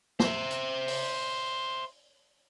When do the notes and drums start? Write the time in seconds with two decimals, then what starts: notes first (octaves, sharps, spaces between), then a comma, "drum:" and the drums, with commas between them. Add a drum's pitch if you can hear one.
0.20 C5 E5, drum: snare
0.51 drum: hi-hat
0.88 drum: open hi-hat